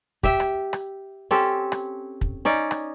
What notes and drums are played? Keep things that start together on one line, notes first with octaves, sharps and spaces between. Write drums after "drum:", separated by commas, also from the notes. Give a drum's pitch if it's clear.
G4 E5 G5, drum: kick
drum: rim click
drum: rim click
C4 C#4 G4 A4
drum: rim click
drum: kick
C#4 D#4 D5
drum: rim click